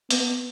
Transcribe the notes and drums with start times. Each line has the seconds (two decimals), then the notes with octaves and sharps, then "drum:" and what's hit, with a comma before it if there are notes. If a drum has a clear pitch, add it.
0.10 B3, drum: hi-hat